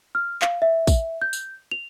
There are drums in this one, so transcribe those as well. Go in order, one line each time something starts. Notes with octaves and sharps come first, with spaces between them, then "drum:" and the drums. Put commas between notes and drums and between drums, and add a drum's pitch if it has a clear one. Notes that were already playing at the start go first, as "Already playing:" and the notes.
F6
F5, drum: clap
E5
drum: kick, tambourine
G6
drum: tambourine
F7